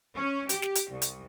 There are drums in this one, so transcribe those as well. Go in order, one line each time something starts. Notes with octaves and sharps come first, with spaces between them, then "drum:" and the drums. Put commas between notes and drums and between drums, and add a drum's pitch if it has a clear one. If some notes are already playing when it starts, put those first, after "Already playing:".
C#4
G4, drum: hi-hat
drum: snare
drum: hi-hat
C2
drum: hi-hat